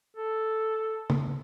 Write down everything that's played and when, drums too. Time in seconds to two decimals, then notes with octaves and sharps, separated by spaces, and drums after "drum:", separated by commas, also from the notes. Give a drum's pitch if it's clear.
0.17 A4
1.10 drum: tom